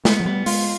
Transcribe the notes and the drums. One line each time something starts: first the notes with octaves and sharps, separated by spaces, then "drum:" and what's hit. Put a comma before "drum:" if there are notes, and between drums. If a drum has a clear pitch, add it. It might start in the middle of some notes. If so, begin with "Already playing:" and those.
G#3 B3, drum: snare
F3
G3 B3
G#3 F4, drum: open hi-hat